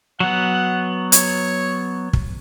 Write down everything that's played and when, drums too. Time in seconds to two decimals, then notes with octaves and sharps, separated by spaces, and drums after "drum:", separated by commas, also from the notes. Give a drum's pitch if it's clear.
0.20 F#3 B3 F#5
1.12 C#5, drum: hi-hat
2.13 drum: kick